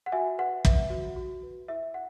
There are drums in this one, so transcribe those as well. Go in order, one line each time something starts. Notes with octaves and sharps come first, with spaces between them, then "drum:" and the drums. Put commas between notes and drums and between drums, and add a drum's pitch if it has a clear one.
F#5
F#4 E5 G#5
B4 F#5
B4 E5, drum: kick
F#4
F#4
B4
E4 E5
F#5